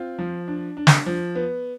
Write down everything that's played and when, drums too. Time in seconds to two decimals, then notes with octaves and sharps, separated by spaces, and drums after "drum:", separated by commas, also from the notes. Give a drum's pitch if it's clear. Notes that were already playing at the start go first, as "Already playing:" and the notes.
Already playing: C4 F4
0.19 F3
0.48 D4
0.77 D4
0.87 drum: snare
1.06 F3
1.35 B3